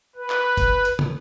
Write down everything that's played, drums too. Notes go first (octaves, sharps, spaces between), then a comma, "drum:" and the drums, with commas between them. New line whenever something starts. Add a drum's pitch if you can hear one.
B4
drum: clap
drum: kick G1, hi-hat
drum: hi-hat
drum: tom